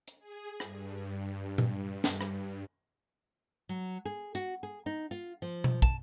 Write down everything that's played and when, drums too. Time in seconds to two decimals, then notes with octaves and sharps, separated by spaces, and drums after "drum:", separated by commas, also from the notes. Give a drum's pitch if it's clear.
0.08 drum: hi-hat
0.19 G#4
0.60 G2, drum: rim click
1.58 drum: tom A#2
2.04 drum: snare
2.21 drum: rim click
3.69 F#3
4.05 G#4
4.35 F#4, drum: hi-hat
4.63 G#4
4.86 D#4
5.11 F4
5.42 F3
5.64 drum: tom B2
5.82 A5, drum: kick